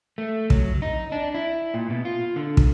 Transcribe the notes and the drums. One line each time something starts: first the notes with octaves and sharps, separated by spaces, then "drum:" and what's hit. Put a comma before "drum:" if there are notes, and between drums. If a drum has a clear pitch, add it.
A3
F#3, drum: kick
D#4
D4
E4
A#2
B2
F4
D3
drum: kick